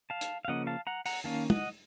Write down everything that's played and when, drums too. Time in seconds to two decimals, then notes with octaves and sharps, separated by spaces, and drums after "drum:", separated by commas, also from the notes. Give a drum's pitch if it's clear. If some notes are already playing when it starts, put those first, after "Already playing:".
0.10 F5 A5
0.21 drum: hi-hat
0.45 F5
0.48 C#3 F3 A#3 C#4 D#5 F#5
0.67 F5 A5
0.87 F#5 A#5
1.06 F#5 A#5, drum: open hi-hat
1.24 D#3 A#3 C#4 F5 A5
1.50 D#5 F#5, drum: tom